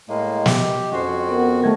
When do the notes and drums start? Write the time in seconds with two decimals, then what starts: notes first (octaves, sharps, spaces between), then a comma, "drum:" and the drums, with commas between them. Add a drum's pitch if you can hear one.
0.09 A2 G#3 A#3 D#5
0.46 G4, drum: snare
0.92 F2 C#4 F#4 C5
1.29 B3 A#4 F#5
1.62 C3 D#3 A3 G#6 A#6